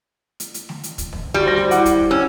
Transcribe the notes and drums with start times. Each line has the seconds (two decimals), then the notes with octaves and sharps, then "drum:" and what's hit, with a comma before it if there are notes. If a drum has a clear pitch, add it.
0.40 drum: hi-hat
0.54 drum: hi-hat
0.69 drum: snare
0.83 drum: hi-hat
0.98 drum: kick, hi-hat
1.13 drum: tom
1.34 G3 F#4
1.46 C5 A#6
1.56 drum: snare
1.71 E4 F#5 D6, drum: hi-hat
1.86 drum: kick, hi-hat
2.11 C#4 E6